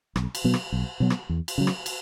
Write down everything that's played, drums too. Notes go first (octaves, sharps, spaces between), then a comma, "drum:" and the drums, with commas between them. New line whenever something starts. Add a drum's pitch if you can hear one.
B1, drum: rim click
drum: cymbal
B2 F#3 B3
drum: rim click
B1
B2 F#3 B3
drum: rim click
E2
drum: cymbal
C#3 F#3
drum: rim click
drum: cymbal